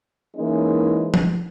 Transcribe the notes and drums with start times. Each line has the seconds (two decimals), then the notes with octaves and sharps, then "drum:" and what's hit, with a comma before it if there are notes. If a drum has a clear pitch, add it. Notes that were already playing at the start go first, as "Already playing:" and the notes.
0.36 E3 G#3 A#3 C#4 D#4 E4
1.14 drum: tom